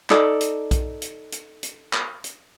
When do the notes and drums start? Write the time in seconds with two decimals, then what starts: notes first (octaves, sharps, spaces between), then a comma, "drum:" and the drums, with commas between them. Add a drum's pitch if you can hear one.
0.10 D#4 A4 D5, drum: clap
0.41 drum: hi-hat
0.71 drum: kick B1, hi-hat
1.02 drum: hi-hat
1.32 drum: hi-hat
1.63 drum: hi-hat
1.93 drum: clap
2.24 drum: hi-hat